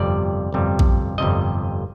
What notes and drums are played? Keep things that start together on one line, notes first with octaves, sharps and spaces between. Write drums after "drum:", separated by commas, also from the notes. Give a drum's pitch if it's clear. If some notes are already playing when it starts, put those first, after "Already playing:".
Already playing: G1 F2 C3 G3 D5
G1 F2 C3 G3
drum: kick A#1
G1 F2 C3 G3 D#5